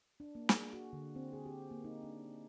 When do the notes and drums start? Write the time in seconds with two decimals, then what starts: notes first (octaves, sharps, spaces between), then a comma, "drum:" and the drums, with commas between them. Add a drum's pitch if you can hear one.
0.20 D4
0.35 A#3
0.49 G#4, drum: snare
0.73 F#4
0.93 D3
1.16 C4
1.33 G#4
1.46 G4
1.71 A#3
1.84 D#4
2.03 D4